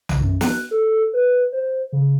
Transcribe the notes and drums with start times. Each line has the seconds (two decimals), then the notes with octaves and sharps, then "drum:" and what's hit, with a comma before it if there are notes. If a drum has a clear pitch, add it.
0.09 drum: tom B1
0.22 F#2
0.41 F#6, drum: snare
0.71 A4
1.13 B4
1.52 C5
1.93 C#3